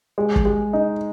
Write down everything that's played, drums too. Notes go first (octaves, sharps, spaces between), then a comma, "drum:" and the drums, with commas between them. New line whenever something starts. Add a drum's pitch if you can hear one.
G#3
drum: kick
G#3
D#4